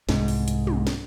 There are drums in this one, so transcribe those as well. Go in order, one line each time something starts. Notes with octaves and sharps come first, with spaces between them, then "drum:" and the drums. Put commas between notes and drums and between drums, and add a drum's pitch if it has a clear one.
C2 G#2, drum: snare
drum: open hi-hat
drum: hi-hat
drum: tom
drum: snare